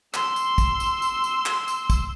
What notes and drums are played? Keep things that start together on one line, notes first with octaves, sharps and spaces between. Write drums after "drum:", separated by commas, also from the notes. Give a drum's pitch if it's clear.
C6 E6, drum: clap
drum: tambourine
drum: kick, tambourine
drum: tambourine
drum: tambourine
drum: tambourine
drum: clap
drum: tambourine
drum: kick, tambourine